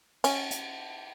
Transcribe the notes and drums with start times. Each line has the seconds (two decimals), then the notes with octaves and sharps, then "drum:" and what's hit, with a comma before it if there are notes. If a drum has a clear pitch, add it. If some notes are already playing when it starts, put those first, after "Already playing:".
0.24 C#4, drum: cymbal
0.51 drum: hi-hat